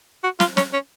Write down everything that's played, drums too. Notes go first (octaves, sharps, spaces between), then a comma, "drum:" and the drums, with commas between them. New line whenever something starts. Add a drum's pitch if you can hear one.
F#4
F4, drum: snare
C#4, drum: snare
C#4